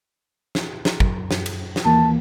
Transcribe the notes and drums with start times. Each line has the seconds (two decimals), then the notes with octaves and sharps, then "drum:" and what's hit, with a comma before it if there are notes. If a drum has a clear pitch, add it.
0.55 drum: snare
0.85 drum: snare
1.00 F#2, drum: kick
1.31 drum: snare
1.46 drum: cymbal
1.76 drum: snare
1.85 D#2 E3 A#3 A5